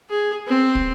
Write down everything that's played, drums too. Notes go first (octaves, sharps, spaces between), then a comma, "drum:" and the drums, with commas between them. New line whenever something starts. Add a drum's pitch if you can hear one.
G#4
C4
drum: kick